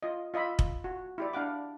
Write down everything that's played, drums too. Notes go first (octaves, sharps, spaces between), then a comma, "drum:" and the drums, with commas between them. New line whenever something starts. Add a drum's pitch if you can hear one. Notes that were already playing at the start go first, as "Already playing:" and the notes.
F4 D#5
F4 D#5 E5 B5
drum: kick F1
F#4
E4 G4 D5
D4 F5 F#5 D6